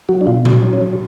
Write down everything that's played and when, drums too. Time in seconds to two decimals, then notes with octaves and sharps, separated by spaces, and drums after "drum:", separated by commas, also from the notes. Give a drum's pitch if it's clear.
0.09 F#3 F#4
0.21 D4
0.27 B2 F4
0.45 F#3, drum: tom A#2
0.63 F#3
0.73 C#4
0.81 F#3